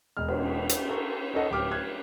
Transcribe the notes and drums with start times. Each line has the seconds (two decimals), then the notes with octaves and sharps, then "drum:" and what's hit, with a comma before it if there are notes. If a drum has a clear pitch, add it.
0.17 E1 G#3 F6
0.28 drum: cymbal
0.69 drum: hi-hat
0.89 A4 A#4 C#6
1.34 C#4 D#4 A4 D#5 F#5
1.50 D1 G4 D6 F6
1.71 F6 F#6 G#6